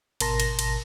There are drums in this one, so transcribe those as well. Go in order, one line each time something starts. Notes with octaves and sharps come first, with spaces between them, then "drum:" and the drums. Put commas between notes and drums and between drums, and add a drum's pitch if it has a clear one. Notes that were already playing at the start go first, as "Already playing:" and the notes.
G#1 B2 A#4 A5 C6 A#6, drum: cymbal
drum: cymbal
drum: cymbal